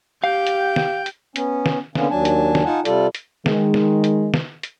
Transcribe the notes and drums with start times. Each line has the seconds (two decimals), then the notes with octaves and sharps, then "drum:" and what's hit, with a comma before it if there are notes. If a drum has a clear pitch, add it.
0.24 G4 F5 G5
0.47 drum: hi-hat
0.76 drum: snare
1.06 drum: hi-hat
1.36 B3 C#4, drum: hi-hat
1.66 drum: snare
1.95 D3 A#3 B3 C#4, drum: snare
2.10 D#2 F#3 D4 G#5 A5
2.25 drum: hi-hat
2.55 drum: snare
2.65 D#4 F4 F#5 G#5 A5
2.85 C3 G3 F4 A4 D5, drum: hi-hat
3.15 drum: hi-hat
3.46 D#3 G#3, drum: snare
3.74 drum: snare
4.04 drum: hi-hat
4.34 drum: snare
4.63 drum: hi-hat